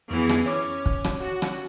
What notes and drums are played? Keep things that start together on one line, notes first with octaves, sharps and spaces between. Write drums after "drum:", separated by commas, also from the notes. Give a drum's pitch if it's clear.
F2 E3 B3 G#4
drum: rim click
C#4 C#5 D6
drum: kick
drum: rim click
F#4
drum: rim click